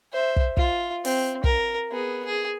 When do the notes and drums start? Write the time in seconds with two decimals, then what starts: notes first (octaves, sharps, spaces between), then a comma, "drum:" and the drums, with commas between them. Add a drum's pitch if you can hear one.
0.13 C5 E5
0.36 drum: kick
0.57 F4, drum: kick
1.05 C4, drum: open hi-hat
1.44 A#4, drum: kick
1.91 B3 G#4
2.25 G#4